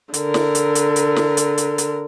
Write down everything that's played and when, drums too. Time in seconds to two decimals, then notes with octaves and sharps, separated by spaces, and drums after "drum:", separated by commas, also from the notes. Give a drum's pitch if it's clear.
0.14 D3 A#4, drum: hi-hat
0.34 drum: snare
0.55 drum: hi-hat
0.75 drum: hi-hat
0.96 drum: hi-hat
1.16 drum: snare
1.37 drum: hi-hat
1.58 drum: hi-hat
1.78 drum: hi-hat